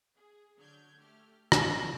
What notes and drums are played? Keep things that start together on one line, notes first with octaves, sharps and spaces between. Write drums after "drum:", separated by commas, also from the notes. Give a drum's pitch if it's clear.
G#4
D3 F#3 D4 F6 G6 G#6
A3 G4 F6
D2 D#3 D#4 C#6 D6 A#6, drum: rim click